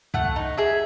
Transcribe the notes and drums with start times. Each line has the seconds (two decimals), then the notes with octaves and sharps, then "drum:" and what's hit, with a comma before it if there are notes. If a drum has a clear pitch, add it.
0.14 A3 F#5, drum: kick
0.36 D#4
0.57 G#4 E5